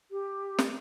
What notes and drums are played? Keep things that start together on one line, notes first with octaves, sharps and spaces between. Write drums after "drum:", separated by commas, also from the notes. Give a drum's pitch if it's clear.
G4
drum: snare